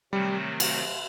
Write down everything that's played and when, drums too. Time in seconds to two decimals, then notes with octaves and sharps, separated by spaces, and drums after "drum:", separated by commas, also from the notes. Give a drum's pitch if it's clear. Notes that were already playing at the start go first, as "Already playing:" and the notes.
0.13 C3 D#3 F#3 G3 A3 C4
0.60 drum: cymbal